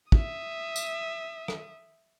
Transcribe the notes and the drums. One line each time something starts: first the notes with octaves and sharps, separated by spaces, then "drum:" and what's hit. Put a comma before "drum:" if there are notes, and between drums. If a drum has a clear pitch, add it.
E5 D#6, drum: kick
drum: tambourine
drum: rim click